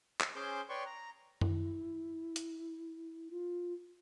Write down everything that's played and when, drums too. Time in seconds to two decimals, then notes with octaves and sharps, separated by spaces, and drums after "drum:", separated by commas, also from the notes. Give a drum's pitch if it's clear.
0.20 drum: clap
0.36 C#4 G#4 C5 C6 D6 G6
0.69 B4 C#5 D5 G5 C6 C#6
0.86 A#5
1.41 E4, drum: tom F#2
2.36 drum: hi-hat
3.31 F4